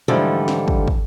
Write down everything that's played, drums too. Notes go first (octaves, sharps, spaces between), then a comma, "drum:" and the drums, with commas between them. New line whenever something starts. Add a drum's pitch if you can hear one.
G#2 D3 E3 F3 G3 A3
drum: snare
drum: kick
drum: kick